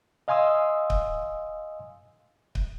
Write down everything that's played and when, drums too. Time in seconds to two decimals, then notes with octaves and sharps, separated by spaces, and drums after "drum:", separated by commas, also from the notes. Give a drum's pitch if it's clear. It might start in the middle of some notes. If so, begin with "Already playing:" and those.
0.28 D#5 F5 G#5 C6 D#6 E6
0.90 drum: kick C#1
2.55 drum: kick C#1